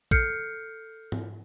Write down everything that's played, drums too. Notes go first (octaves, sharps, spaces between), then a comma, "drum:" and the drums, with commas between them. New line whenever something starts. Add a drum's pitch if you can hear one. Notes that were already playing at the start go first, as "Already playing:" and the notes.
A4 F6 G6 C7 C#7, drum: kick A#1
drum: tom G#2